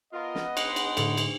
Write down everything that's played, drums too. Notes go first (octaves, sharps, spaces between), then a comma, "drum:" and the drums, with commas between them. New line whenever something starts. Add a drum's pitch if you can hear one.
B3 F4 A#4 D#5 F#5
drum: snare
C#3 D#4 C6 F#6, drum: cymbal
drum: cymbal
A2 D3 A3, drum: cymbal
drum: cymbal